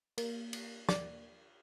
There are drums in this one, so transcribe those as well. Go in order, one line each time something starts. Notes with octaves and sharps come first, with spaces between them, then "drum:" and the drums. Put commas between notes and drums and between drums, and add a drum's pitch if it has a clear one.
A#3, drum: cymbal
drum: cymbal
D5, drum: snare